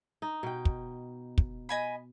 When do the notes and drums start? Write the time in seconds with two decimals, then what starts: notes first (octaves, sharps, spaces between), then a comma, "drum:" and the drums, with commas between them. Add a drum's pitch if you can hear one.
0.22 D#4
0.43 B2 G5
0.65 drum: kick
1.38 drum: kick
1.69 D#5 G#5 B5